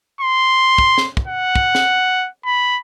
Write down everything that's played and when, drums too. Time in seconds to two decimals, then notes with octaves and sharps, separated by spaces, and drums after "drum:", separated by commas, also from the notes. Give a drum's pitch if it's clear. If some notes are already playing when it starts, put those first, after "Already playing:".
0.21 C6
0.78 drum: kick
0.98 drum: snare
1.17 drum: kick
1.27 F#5
1.56 drum: kick
1.75 drum: snare
2.45 B5